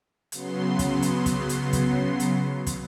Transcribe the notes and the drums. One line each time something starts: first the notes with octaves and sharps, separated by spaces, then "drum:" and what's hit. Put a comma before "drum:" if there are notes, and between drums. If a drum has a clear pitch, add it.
C#3 F#3 B3 C6, drum: hi-hat
drum: kick, hi-hat
drum: hi-hat
drum: kick, hi-hat
drum: hi-hat
drum: kick, hi-hat
drum: hi-hat
drum: kick, hi-hat